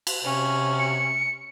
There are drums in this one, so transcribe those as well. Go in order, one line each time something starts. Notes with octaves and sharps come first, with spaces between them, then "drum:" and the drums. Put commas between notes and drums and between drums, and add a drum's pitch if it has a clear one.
drum: cymbal
C3 C#4
C#7